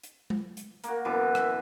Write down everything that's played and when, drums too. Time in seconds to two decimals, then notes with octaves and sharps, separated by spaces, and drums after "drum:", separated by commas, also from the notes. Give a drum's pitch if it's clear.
0.04 drum: hi-hat
0.30 drum: tom G#3
0.57 drum: hi-hat
0.84 A#3 F#4, drum: hi-hat
1.05 F#2 B2 E3 D6
1.35 E5, drum: rim click